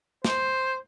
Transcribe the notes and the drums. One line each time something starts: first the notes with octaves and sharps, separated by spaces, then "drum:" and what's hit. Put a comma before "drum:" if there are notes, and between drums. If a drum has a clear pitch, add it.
C5, drum: snare